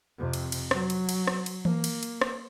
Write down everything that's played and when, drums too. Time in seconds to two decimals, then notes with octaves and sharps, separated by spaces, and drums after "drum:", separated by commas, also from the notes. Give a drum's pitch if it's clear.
0.19 F2 C3
0.33 drum: cymbal
0.52 drum: cymbal
0.71 F#3, drum: rim click
0.90 drum: cymbal
1.09 drum: cymbal
1.27 drum: rim click
1.46 drum: cymbal
1.65 A#3, drum: tom E3
1.84 drum: cymbal
2.03 drum: cymbal
2.21 drum: rim click